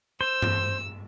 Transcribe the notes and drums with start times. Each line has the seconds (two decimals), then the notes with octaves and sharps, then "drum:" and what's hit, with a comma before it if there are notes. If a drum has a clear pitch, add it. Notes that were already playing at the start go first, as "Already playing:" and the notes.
0.21 C5 E6
0.42 drum: tom G2